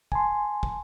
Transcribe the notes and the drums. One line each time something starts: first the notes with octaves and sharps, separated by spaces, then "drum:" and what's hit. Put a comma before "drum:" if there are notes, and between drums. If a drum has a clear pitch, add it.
G#5 A5 C6, drum: kick
drum: kick